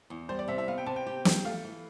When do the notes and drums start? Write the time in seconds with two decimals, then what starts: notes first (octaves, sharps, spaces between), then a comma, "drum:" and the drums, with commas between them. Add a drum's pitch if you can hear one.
0.10 E2
0.29 G3 C5
0.39 D5
0.48 C3 E5
0.58 E5
0.68 B3 F5
0.78 G5
0.86 C3 A5
0.96 G5
1.07 G4
1.25 G4, drum: snare
1.45 A3 F5
1.65 E3